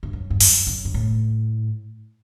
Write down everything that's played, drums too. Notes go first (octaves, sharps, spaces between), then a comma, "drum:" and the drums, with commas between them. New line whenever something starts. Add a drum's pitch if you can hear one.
G2
F#2
G2
F#2, drum: open hi-hat
F#2
G2
A2